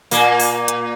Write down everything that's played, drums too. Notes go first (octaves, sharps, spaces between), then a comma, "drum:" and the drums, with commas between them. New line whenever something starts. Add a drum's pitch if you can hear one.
A#2 A#3, drum: open hi-hat
drum: open hi-hat
drum: hi-hat